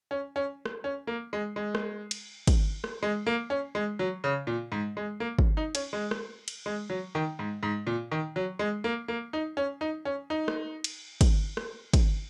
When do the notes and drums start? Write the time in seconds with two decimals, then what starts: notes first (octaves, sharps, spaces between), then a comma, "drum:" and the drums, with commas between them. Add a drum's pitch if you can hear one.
0.11 C#4
0.36 C#4
0.66 drum: rim click
0.84 C#4
1.07 A#3
1.33 G#3
1.56 G#3
1.75 drum: rim click
2.11 drum: cymbal
2.47 drum: kick, cymbal
2.84 drum: rim click
3.03 G#3
3.26 A#3
3.50 C#4
3.75 G#3
3.99 F#3
4.24 C#3
4.47 A#2
4.72 G#2
4.97 G#3
5.20 A#3
5.39 drum: kick
5.57 D#4
5.75 C#4, drum: cymbal
5.93 G#3
6.11 drum: rim click
6.48 drum: cymbal
6.66 G#3
6.90 F#3
7.15 D#3
7.39 G#2
7.63 G#2
7.87 A#2
8.12 D#3
8.36 F#3
8.59 G#3
8.84 A#3
9.08 A#3
9.33 D#4
9.57 C#4
9.81 D#4
10.05 C#4
10.30 D#4
10.48 drum: rim click
10.84 drum: cymbal
11.21 drum: kick, cymbal
11.57 drum: rim click
11.93 drum: kick, cymbal